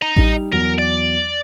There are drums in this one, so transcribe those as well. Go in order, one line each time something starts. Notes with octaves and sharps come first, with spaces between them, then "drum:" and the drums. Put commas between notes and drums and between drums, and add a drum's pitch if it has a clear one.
D#5 A#5
G3 D#4, drum: kick A1
E2 F#3 A#4
D5